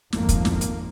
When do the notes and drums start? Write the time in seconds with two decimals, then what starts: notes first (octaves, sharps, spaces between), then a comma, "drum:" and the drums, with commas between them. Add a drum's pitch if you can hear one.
0.13 G#1 F2 A#2 A#3, drum: snare
0.29 drum: kick, hi-hat
0.45 drum: snare
0.61 drum: hi-hat